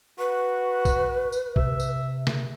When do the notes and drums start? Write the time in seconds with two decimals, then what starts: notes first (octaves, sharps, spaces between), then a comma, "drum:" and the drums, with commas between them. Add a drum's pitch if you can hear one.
0.19 F#4 B4
0.85 drum: kick, tambourine
1.32 drum: tambourine
1.56 C3 E5, drum: kick
1.80 drum: tambourine
2.27 drum: snare